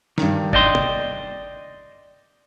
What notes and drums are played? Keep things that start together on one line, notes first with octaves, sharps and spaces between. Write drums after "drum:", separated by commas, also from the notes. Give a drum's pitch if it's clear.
G2 D#3, drum: snare
D5 D#5 G5 C6, drum: kick G1
drum: tom